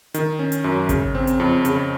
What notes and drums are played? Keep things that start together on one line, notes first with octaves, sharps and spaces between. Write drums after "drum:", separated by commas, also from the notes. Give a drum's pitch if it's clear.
D#3, drum: hi-hat
C#4
drum: hi-hat
F#2
C#3, drum: kick G#1, hi-hat
C4
drum: hi-hat
F2
C#3, drum: hi-hat